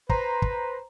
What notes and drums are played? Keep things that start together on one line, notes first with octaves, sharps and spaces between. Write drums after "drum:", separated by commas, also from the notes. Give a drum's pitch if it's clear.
B4 C5 A#5 C6, drum: kick
drum: kick